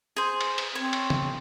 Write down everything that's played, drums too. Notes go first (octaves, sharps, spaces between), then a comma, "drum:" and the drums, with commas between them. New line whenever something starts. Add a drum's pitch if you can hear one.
G#4 C5
drum: cymbal
drum: cymbal
C4 C#5
drum: cymbal
drum: tom